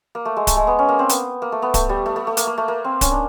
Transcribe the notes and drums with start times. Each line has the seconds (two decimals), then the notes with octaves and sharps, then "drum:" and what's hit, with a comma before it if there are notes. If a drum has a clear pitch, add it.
0.15 A#3
0.25 A3
0.36 G#3
0.47 A3, drum: kick D1, hi-hat
0.56 G#3
0.67 B3
0.79 C#4
0.89 A#3
0.99 C4
1.09 B3, drum: hi-hat
1.42 A#3
1.52 A3
1.62 B3
1.74 A3, drum: kick D1, hi-hat
1.89 G3
2.06 A3
2.16 A3
2.27 A3
2.37 A#3, drum: hi-hat
2.47 A#3
2.58 A3
2.68 A#3
2.84 C4
3.01 C#4, drum: kick D1, hi-hat
3.12 D4